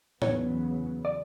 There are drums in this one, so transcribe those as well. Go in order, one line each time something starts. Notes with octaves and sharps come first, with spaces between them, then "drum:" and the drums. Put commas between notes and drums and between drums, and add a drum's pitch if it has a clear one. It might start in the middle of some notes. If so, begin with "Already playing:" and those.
E2 C#3 F#3 B3 C#5, drum: tom A2
D5